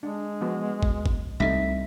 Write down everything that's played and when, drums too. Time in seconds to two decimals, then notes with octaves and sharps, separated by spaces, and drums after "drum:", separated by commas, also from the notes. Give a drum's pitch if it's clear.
0.03 G#3 D4
0.41 F3 B3 F#4
0.83 drum: kick G1
1.06 drum: kick G1
1.40 C2 C3 A3 D#4 E5 B6